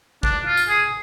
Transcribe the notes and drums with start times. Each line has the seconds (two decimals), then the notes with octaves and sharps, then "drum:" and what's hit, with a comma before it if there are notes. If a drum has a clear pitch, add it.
0.23 D4, drum: kick G#1
0.46 F4
0.57 drum: tambourine
0.68 G#4